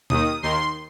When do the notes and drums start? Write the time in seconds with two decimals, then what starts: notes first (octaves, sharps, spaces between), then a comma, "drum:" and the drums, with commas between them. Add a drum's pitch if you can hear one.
0.10 D#2 D#3 D#6, drum: tom B2
0.43 D#2 D#3 C6